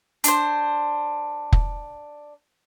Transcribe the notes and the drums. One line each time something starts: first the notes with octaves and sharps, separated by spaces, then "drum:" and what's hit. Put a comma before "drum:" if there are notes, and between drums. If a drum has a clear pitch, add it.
D4 C5, drum: hi-hat
drum: kick